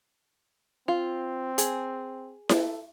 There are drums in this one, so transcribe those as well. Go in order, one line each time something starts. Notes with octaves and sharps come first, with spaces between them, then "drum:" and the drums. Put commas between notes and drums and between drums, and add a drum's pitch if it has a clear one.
C4 F4
G#4, drum: hi-hat
A4, drum: snare E4